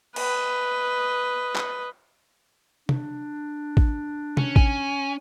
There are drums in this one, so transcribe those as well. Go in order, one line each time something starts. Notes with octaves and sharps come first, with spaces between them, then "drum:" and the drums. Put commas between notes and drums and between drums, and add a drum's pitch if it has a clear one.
B4 D#5, drum: cymbal
drum: clap
D4, drum: tom C3
drum: kick A1
C#4, drum: tom C3
G#5, drum: kick A1